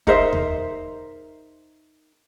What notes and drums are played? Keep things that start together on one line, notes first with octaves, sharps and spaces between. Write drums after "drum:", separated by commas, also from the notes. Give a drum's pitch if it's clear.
D#4 A#4 C5 E5, drum: kick
drum: tom D#2